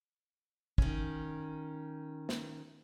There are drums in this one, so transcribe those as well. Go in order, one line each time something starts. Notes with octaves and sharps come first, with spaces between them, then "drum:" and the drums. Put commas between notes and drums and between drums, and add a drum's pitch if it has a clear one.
D#3 C#4, drum: kick
drum: snare